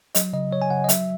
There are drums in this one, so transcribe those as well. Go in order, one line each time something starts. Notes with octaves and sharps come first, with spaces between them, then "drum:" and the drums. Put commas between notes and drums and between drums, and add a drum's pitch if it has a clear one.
F#3 D#5, drum: hi-hat
C#3 D#5
F#3 C#5
G#5
C#3 F#5
D#5
F#3 E5, drum: hi-hat